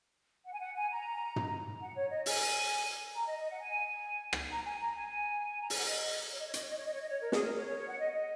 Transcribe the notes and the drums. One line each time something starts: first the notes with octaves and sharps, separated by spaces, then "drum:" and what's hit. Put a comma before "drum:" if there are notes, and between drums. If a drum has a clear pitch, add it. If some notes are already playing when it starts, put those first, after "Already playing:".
F#5
G#5
F#5
G#5
A#5
drum: tom
F#5
C#5
D#5
G#5, drum: open hi-hat
A#5
D#5
D#5
F#5
G#5
drum: rim click
A#5
G#5
A#5
G#5
A#5
G#5, drum: open hi-hat
F#5
D#5
C#5
D#5
C#5
D#5, drum: hi-hat
C#5
D#5
C#5
D#5
C#5
D#5
C#5
A#4
G#4, drum: snare
A#4
C#5
C#5
C#5
F#5
D#5
D#5